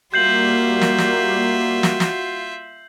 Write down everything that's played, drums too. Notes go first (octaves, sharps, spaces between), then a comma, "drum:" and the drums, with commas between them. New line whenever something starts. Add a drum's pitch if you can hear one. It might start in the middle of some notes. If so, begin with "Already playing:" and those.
G3 A#3 F4 F#4 E5 G6 C7 F#7
drum: snare
drum: snare
drum: snare
drum: snare